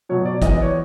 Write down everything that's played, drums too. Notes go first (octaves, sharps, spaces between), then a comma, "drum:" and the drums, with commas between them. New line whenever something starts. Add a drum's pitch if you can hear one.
B2 F#3 C#5
D5
E2 D#5, drum: kick, hi-hat
D5
C#5